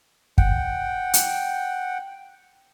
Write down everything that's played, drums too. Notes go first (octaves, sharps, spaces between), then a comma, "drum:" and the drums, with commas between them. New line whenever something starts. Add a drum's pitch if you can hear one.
F#5 G5, drum: kick
drum: hi-hat